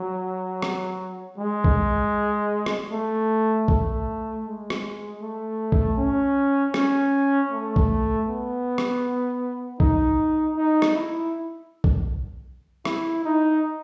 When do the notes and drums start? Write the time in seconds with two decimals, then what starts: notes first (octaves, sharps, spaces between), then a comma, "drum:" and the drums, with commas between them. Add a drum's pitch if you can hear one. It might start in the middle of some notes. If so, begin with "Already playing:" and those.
Already playing: F#3
0.62 drum: rim click
1.38 G#3
1.64 drum: kick B1
2.66 drum: rim click
2.92 A3
3.68 A3, drum: kick B1
4.45 G#3
4.70 drum: rim click
5.22 A3
5.72 drum: kick B1
5.97 C#4
6.74 C#4, drum: rim click
7.51 A3
7.76 drum: kick B1
8.27 B3
8.78 drum: rim click
9.80 D#4, drum: kick B1
10.57 D#4
10.82 drum: rim click
10.95 E4
11.84 drum: kick B1
12.85 E4, drum: rim click
13.25 D#4